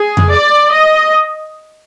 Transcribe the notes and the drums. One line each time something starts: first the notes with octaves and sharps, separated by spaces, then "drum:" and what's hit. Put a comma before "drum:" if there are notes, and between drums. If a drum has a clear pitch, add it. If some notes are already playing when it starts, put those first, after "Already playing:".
Already playing: G#4
drum: tom F2
D5
D#5